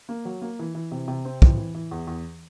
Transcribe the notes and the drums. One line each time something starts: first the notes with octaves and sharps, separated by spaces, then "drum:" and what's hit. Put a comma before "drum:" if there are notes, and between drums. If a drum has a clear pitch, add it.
A#3
F#3
A#3
E3
E3
C3
C3
C4
E3, drum: kick
E3
E3
E2
E2